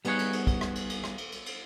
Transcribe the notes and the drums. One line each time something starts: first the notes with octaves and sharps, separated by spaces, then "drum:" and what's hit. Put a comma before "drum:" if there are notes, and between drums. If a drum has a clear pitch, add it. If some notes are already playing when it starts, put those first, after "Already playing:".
G3 B3 D#4 G#4 C#5 F#5, drum: cymbal
drum: cymbal
drum: cymbal
drum: kick, cymbal
drum: rim click
drum: cymbal
drum: cymbal
drum: rim click
drum: cymbal
drum: cymbal
drum: cymbal